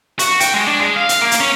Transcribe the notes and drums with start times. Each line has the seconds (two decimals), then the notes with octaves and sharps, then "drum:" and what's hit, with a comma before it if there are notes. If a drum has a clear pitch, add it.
0.19 F#4, drum: hi-hat
0.40 G5, drum: hi-hat
0.54 G#3
0.67 D4
0.80 G#3
0.96 F5
1.09 drum: hi-hat
1.21 A#3
1.31 drum: hi-hat
1.40 C#4